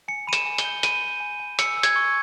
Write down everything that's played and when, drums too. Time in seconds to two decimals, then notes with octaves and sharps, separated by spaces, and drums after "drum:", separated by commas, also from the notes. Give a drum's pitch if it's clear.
0.08 G#5 C#7
0.27 B5 D#7
0.33 E7, drum: hi-hat
0.46 G#5
0.58 G7, drum: hi-hat
0.65 G6
0.83 B5 D#7, drum: hi-hat
1.02 B5
1.20 G#5
1.40 G#5
1.59 E6 C#7, drum: hi-hat
1.77 E6
1.83 G#6, drum: hi-hat
1.96 C#6